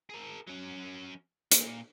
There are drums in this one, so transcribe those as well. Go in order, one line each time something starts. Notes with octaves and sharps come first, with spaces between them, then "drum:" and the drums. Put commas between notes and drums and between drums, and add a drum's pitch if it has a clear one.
G#4 A#4
F#3 C#4
A#2, drum: hi-hat